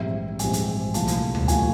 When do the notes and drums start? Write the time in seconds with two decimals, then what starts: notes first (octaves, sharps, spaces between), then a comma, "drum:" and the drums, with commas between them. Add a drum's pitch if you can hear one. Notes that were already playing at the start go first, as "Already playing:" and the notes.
Already playing: A#1 G#2 E3 G3 C4 E5
0.39 A#1 G#2 E3 G3 C4 G#5, drum: hi-hat
0.53 drum: hi-hat
0.94 C2 A#2 F3 A3 A5, drum: hi-hat
1.08 drum: hi-hat
1.35 drum: tom D2
1.48 A#2 F3 A3 G#5, drum: hi-hat